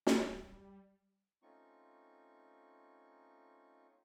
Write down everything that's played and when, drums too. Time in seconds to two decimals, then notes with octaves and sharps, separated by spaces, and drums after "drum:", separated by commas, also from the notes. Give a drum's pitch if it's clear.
0.07 drum: snare
0.23 G3
1.42 A3 C4 C#4 D#4 F4 C#6